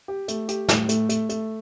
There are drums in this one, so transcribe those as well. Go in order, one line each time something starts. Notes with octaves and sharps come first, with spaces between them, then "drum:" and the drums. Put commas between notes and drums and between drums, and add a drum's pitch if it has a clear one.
G4
A3, drum: hi-hat
G4, drum: hi-hat
A2, drum: snare
A3, drum: hi-hat
A3, drum: hi-hat
A3, drum: hi-hat